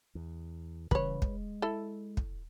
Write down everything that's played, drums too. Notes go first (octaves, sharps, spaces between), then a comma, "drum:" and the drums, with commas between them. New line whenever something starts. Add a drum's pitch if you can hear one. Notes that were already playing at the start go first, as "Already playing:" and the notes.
E2
C#3 E3 G3 B4 C#5, drum: kick
G#3, drum: kick
E4 A4
drum: kick